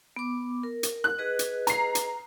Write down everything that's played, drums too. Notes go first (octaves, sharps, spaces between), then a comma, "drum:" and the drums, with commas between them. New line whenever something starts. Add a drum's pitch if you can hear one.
B3 D6
A#4
drum: hi-hat
F#6
G#4 B4 D#5
drum: hi-hat
A#5 C7, drum: hi-hat
drum: hi-hat